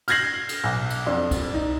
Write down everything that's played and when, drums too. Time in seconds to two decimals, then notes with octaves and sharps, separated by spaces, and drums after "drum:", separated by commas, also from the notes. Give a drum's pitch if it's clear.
0.08 F6 G6 G#6 A#6 C7 F#7, drum: cymbal
0.49 drum: cymbal
0.64 B1
0.90 drum: cymbal
1.07 F2 D4
1.31 drum: kick C2, cymbal
1.54 D#4